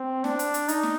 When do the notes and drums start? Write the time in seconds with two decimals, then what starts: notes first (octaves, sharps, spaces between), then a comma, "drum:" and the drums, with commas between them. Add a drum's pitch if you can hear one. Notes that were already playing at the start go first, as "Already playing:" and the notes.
Already playing: C4
0.24 D4, drum: snare
0.39 drum: hi-hat
0.54 drum: hi-hat
0.68 D#4, drum: hi-hat
0.83 drum: snare